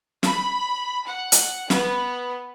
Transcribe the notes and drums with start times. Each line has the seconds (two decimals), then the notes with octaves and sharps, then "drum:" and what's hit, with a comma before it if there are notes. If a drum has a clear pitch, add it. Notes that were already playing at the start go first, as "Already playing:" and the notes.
0.23 B5, drum: snare
1.07 F#5
1.32 drum: hi-hat
1.70 B3, drum: snare